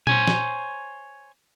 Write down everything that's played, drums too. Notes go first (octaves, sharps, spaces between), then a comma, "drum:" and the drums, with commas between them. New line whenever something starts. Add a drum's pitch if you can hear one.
C5 C#5 G#5, drum: tom A#2
drum: snare